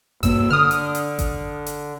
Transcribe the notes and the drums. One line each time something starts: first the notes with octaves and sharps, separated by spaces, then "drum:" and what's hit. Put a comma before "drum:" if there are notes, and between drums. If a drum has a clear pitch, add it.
G2 A#3 E6, drum: kick G#1, hi-hat
D3 D#6 F6
drum: hi-hat
drum: hi-hat
drum: kick G#1, hi-hat
drum: hi-hat